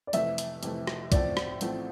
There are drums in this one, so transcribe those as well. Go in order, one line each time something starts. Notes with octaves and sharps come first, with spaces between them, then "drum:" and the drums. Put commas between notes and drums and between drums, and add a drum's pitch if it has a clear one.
D5
F2 C3 E3 A3 E5, drum: hi-hat
drum: hi-hat
F2 C3 E3 A3, drum: hi-hat
drum: rim click
A1 A2 F3 A3 C4 D5, drum: kick B1, hi-hat
drum: rim click
A1 A2 F3 A3 C4, drum: hi-hat